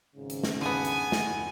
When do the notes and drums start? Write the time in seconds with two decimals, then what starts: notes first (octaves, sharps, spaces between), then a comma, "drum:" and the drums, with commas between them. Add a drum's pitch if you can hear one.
0.16 G#1 G#2 C#3
0.30 drum: hi-hat
0.44 drum: snare
0.61 D3 B3 G#5
0.85 drum: hi-hat
1.12 drum: snare